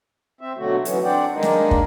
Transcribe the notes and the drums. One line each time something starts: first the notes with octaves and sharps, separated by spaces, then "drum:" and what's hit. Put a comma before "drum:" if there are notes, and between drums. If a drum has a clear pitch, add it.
C4 E5
B2 D3 F#3 A3 F#4
E3 F#3 B3 C#4, drum: hi-hat
C4 D4 D5 F#5 G5
D#3 G#3 A#3 D4 D#4
drum: snare
drum: kick